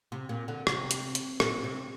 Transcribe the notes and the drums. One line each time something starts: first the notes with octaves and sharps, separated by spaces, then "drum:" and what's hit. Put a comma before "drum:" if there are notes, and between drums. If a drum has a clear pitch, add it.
C3
A#2
D3
C3, drum: rim click
drum: hi-hat
drum: hi-hat
A#2, drum: rim click
C3